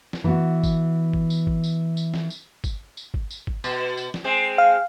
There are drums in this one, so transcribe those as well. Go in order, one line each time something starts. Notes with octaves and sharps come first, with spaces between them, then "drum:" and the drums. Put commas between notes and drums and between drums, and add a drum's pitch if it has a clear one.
drum: snare
E3 B3 F#4
drum: kick G#1, tambourine
drum: kick G#1
drum: tambourine
drum: kick G#1
drum: tambourine
drum: tambourine
drum: snare
drum: tambourine
drum: kick G#1, tambourine
drum: tambourine
drum: kick G#1
drum: tambourine
drum: kick G#1
B2, drum: tambourine
drum: tambourine
drum: snare
G#3 C4
F5